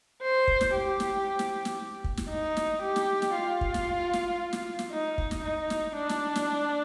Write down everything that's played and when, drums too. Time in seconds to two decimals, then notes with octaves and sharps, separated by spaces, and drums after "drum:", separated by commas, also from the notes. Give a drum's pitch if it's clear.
0.22 C5
0.48 drum: kick
0.61 drum: snare
0.74 G4
1.00 drum: snare
1.39 drum: snare
1.65 drum: snare
2.04 drum: kick
2.17 drum: snare
2.30 D#4
2.57 drum: snare
2.82 G4
2.96 drum: snare
3.22 drum: snare
3.35 F4
3.61 drum: kick
3.74 drum: snare
4.13 drum: snare
4.53 drum: snare
4.79 drum: snare
4.92 D#4
5.18 drum: kick
5.31 drum: snare
5.45 D#4
5.70 drum: snare
5.96 D4
6.09 drum: snare
6.36 drum: snare